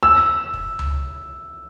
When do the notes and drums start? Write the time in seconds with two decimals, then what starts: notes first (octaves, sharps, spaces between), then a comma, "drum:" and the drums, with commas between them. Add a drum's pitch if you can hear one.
0.03 E6
0.54 drum: kick
0.79 drum: tom C#2